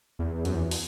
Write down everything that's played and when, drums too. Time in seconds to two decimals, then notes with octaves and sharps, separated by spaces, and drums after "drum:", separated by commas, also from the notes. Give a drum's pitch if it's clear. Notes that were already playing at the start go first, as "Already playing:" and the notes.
0.19 E2
0.45 F#2, drum: hi-hat
0.55 E2
0.71 drum: open hi-hat